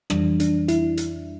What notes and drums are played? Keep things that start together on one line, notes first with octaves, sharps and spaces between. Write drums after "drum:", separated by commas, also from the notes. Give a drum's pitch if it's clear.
F2 E3 G3 D4, drum: rim click
D4, drum: hi-hat
E4, drum: hi-hat
drum: hi-hat